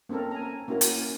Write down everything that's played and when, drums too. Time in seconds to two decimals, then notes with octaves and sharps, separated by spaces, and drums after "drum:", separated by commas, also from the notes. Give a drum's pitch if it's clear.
0.09 A#3 C4 C#4 A4 A#4
0.31 G#5 A#5
0.68 A#3 C#4 E4 F#4 A#4
0.81 G#5, drum: hi-hat